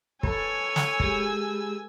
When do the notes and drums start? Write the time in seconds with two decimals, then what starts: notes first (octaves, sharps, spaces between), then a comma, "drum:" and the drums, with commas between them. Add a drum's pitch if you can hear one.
0.23 A4 B4 C#5 G#5 E6, drum: kick
0.76 drum: snare
1.00 G#3 G4 G#4, drum: kick